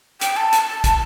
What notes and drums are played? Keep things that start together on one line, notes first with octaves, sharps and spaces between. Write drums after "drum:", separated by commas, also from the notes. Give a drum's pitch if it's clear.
G5, drum: hi-hat
A5
drum: hi-hat
drum: kick, hi-hat